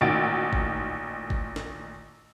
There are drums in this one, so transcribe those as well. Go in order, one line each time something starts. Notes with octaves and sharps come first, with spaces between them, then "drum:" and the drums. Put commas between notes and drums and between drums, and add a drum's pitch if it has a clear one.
A1 A#2 D#3 F#4 A6 D7
drum: kick G#1
drum: kick G#1
drum: snare